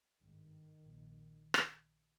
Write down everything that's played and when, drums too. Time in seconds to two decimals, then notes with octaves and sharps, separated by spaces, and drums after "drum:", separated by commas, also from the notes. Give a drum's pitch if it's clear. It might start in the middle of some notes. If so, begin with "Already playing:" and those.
0.21 G#1 G2 D#3
0.82 A#1 A#2
1.54 drum: rim click